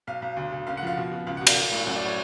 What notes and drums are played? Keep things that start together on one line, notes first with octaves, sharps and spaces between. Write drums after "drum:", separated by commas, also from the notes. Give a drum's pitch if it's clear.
B1 F5
B1
D2
D2
F#1 F5
F#5
F3 F5
B2
B2
C#2 F5
F#5
B2
F5, drum: cymbal
B1
A2
F#2 F#5
D5
C#5